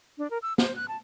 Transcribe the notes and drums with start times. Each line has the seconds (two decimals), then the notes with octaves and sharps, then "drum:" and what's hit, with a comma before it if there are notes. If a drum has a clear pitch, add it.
0.18 D4
0.31 A#4
0.42 E6
0.58 C5, drum: snare
0.76 F#6
0.88 A5